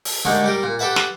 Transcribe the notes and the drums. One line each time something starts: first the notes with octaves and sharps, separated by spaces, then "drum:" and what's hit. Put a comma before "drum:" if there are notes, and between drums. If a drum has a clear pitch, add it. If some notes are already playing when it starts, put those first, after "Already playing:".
drum: open hi-hat
D#2 D3 G#3 A3 D#4
G3 G4 A#4
A#2
G4 A4 B4 E5 F#5
drum: snare